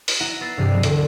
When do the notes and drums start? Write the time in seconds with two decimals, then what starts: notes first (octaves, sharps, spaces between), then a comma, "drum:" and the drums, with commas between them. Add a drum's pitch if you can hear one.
0.08 drum: open hi-hat
0.20 E4 F#5 A#5 D#7 E7
0.41 B3 E6 A6 C7
0.57 G2 C3 E3 G4 G#4 C7
0.71 B2 F#3 G#3 B3 G#4
0.83 E1 D2 D3, drum: hi-hat